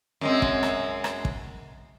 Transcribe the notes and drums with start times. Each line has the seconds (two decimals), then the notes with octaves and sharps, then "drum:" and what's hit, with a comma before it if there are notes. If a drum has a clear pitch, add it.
0.21 F#2 G#3 C4
0.42 drum: kick
0.63 drum: rim click
1.04 drum: rim click
1.25 drum: kick